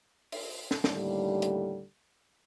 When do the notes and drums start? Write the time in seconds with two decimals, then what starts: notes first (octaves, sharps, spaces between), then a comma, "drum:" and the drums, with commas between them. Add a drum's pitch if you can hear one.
0.32 drum: open hi-hat
0.71 drum: snare
0.84 D#2 A2 D3 G3, drum: snare
1.42 drum: hi-hat